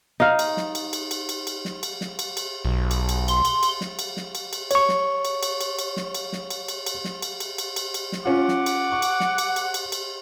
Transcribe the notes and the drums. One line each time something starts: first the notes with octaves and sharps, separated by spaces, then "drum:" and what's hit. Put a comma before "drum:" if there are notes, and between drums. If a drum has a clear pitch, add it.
D#4 F5
drum: cymbal
drum: snare
drum: cymbal
drum: cymbal
drum: cymbal
drum: cymbal
drum: cymbal
drum: snare
drum: cymbal
drum: snare
drum: cymbal
drum: cymbal
B1
drum: cymbal
drum: cymbal
C6, drum: cymbal
drum: cymbal
drum: cymbal
drum: snare
drum: cymbal
drum: snare
drum: cymbal
drum: cymbal
C#5 C#6, drum: cymbal
drum: snare
drum: cymbal
drum: cymbal
drum: cymbal
drum: cymbal
drum: snare
drum: cymbal
drum: snare
drum: cymbal
drum: cymbal
drum: cymbal
drum: snare
drum: cymbal
drum: cymbal
drum: cymbal
drum: cymbal
drum: cymbal
drum: snare
C#4 F4 F#5 D6
drum: snare
drum: cymbal
C#6
drum: cymbal
drum: snare
drum: cymbal
drum: cymbal
drum: cymbal
drum: cymbal